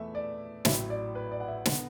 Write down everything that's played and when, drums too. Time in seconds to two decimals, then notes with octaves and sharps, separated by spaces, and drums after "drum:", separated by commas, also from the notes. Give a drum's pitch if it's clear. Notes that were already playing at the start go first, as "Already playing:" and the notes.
Already playing: E2 E3 A3 E5
0.15 D5
0.65 A1 A2 F#3 E5, drum: snare
0.90 D5
1.15 B4
1.32 D5
1.40 F#5
1.48 E5
1.66 D3 B3 F#5, drum: snare